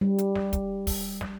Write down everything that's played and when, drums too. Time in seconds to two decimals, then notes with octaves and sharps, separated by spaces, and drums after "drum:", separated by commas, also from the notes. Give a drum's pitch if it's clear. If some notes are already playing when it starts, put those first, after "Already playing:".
0.01 G3
0.18 drum: hi-hat
0.36 drum: snare
0.53 drum: kick, hi-hat
0.87 drum: kick, open hi-hat
1.21 drum: snare